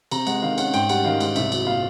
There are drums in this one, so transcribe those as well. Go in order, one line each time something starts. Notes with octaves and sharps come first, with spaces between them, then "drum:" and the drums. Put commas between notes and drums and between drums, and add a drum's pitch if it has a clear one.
C3 A#5, drum: cymbal
G#3 F#5, drum: cymbal
D#3 F5
C#4 F#5, drum: cymbal
G#2 G5, drum: cymbal
G3 F#5, drum: cymbal
D#3 F5
G#2, drum: cymbal
C2 E5, drum: cymbal
F#3, drum: cymbal
A#2 F5